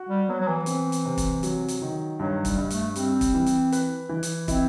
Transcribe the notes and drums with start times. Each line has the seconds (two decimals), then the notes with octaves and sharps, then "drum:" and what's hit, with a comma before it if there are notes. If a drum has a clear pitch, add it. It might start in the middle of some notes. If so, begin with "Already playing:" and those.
Already playing: F#4
0.09 G3
0.29 F#3 B3
0.40 F#3
0.48 E3
0.66 C4, drum: hi-hat
0.92 drum: hi-hat
1.05 C3
1.18 drum: kick, hi-hat
1.43 F#3, drum: hi-hat
1.68 drum: hi-hat
1.82 D#3
2.19 G2 F#3
2.45 G3, drum: kick, hi-hat
2.58 G2
2.70 A3, drum: hi-hat
2.96 G3 C4, drum: hi-hat
3.21 drum: kick, hi-hat
3.34 E3
3.46 drum: hi-hat
3.72 B4, drum: hi-hat
4.09 E3
4.23 drum: hi-hat
4.48 C4 E4, drum: kick, hi-hat